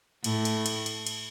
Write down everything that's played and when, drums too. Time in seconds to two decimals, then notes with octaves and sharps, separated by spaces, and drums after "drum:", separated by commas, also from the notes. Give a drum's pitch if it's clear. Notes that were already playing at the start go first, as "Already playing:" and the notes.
0.24 A2, drum: cymbal
0.45 drum: cymbal
0.66 drum: cymbal
0.86 drum: cymbal
1.07 drum: cymbal